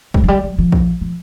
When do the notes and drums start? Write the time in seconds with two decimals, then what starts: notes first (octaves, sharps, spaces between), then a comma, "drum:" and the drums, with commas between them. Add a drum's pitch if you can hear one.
0.14 G3, drum: kick A#1
0.24 F#3
0.28 G3
0.43 F#3
0.58 F3
0.72 drum: kick A#1
1.01 F3